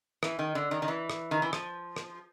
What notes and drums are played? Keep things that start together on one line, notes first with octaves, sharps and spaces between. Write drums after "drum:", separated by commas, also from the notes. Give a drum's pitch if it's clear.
E3, drum: rim click
D#3
D3
D#3
D#3
E3
drum: rim click
D#3
E3
F3, drum: rim click
drum: rim click